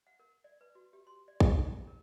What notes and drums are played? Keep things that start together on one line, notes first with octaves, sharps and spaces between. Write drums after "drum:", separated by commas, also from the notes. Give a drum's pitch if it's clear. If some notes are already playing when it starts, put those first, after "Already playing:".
F#5
A#4
D5
B4
F#4
G4
C6
D5
A#5, drum: kick A#1
G4
D4
A#4